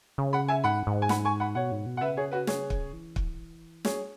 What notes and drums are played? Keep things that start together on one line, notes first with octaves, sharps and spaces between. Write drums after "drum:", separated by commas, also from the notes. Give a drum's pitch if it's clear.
C#3
F#5 B5
E5 G#5
G#2 F#5 B5
G#2
G#5
F#5 B5, drum: snare
G#5 C#6
F#5 B5
B2 C#5 F#5
G#2
B2
F#5
C#3 B4 E5
G#4 C#5
F#4 B4
G#4 C#5, drum: snare
drum: kick
E3
drum: kick
F#3 G#4 C#5, drum: snare